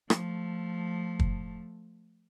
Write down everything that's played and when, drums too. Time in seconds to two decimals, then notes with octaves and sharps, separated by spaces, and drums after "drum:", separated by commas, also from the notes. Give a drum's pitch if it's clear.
0.10 F3 A3, drum: rim click
1.19 drum: kick